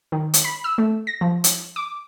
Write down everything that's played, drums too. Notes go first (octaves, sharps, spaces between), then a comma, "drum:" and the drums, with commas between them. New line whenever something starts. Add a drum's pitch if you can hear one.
D#3
drum: hi-hat
B5
E6
A3
A#6
F3
drum: hi-hat
D6